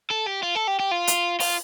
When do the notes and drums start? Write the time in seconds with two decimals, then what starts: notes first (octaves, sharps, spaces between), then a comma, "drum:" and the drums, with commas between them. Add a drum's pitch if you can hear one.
0.10 A4
0.26 G4
0.43 F4
0.55 A4
0.67 G4
0.80 G4
0.91 F4
1.07 drum: hi-hat
1.40 F4, drum: open hi-hat